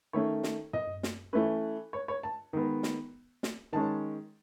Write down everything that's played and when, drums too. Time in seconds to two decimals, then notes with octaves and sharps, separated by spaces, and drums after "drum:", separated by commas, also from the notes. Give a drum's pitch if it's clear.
0.13 D#3 A3 C#4 C#5
0.43 drum: snare
0.73 D#5, drum: tom
1.03 drum: snare
1.33 E3 A3 C#4 B4
1.93 C#5
2.08 C#5
2.23 A5
2.53 D#3 G#3 B3
2.83 drum: snare
3.43 drum: snare
3.73 D#3 G#3 C#4 A5